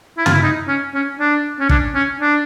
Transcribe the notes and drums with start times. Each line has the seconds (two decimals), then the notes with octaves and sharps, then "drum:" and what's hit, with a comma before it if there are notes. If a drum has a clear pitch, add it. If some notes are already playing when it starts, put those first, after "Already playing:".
0.17 E4
0.26 F4, drum: tom
0.34 E4
0.42 D#4
0.68 C#4
0.94 C#4
1.19 D4
1.59 C#4
1.69 D4, drum: kick
1.94 C#4
2.20 D4